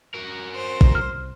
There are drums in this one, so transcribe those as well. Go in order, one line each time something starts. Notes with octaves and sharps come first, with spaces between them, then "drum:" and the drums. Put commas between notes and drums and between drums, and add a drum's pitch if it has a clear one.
F#4 A#4
C5
drum: kick
C2 F6